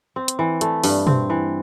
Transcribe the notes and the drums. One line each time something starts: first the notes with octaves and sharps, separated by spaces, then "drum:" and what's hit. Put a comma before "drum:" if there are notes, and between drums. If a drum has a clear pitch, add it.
C4
drum: hi-hat
E3
A3, drum: hi-hat
G2, drum: open hi-hat
C4, drum: tom
E3